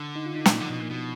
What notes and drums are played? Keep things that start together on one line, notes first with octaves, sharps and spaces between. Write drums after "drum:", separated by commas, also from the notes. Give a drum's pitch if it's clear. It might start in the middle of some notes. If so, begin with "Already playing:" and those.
Already playing: D3
D#4
F4
D#4
A#2 D4, drum: snare
D3 F3
B2
A#2
B2